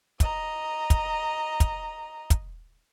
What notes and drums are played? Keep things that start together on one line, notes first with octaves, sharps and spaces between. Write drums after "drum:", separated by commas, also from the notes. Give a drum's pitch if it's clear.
D#5 A#5, drum: kick, hi-hat
drum: kick, hi-hat
drum: kick, hi-hat
drum: kick, hi-hat